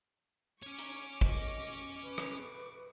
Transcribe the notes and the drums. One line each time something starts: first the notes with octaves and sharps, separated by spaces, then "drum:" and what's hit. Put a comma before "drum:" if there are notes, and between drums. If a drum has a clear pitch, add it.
C#4 C#5 C#6 D6
drum: hi-hat
D#5, drum: kick
B4
drum: rim click